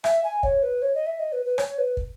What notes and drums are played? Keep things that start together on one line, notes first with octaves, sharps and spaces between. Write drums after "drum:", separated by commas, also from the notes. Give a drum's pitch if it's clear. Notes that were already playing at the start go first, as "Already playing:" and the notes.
E5, drum: rim click
G#5
C#5, drum: kick
B4
C#5
D#5
E5
D#5
B4
B4
C#5, drum: rim click
B4
drum: kick